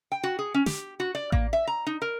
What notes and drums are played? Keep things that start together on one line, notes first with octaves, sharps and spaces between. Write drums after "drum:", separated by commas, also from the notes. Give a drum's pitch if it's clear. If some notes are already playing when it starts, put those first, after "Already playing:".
G5
F#4
G#4
C#4
G4, drum: snare
F#4
D5
A#3, drum: kick A1
E5
A#5
D#4
A#4